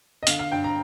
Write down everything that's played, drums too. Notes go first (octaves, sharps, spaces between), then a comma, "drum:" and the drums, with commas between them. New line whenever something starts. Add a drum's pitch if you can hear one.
D#5
D3 F5, drum: hi-hat
F5
G2 G5
A#5